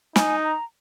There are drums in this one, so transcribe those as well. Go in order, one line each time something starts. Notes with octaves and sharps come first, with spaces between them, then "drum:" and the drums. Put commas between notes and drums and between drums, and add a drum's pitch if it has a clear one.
D#4 G#5, drum: snare
A#5